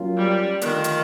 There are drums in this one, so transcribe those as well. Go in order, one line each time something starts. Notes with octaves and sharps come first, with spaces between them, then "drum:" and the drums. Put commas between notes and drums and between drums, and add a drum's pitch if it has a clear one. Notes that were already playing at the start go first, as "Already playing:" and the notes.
Already playing: F#3 A#3 C#4 F4
G3
D3 D#3 F3 A3 D4 F4, drum: hi-hat
drum: hi-hat